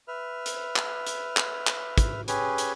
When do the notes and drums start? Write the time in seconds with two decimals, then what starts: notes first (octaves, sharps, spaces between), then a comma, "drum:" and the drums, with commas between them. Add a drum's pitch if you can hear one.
0.08 B4 E5 F6
0.46 drum: hi-hat
0.76 drum: clap
1.07 drum: hi-hat
1.37 drum: clap
1.67 drum: clap
1.98 drum: kick, hi-hat
2.28 C#4 G4 G#4 B4, drum: hi-hat
2.58 drum: hi-hat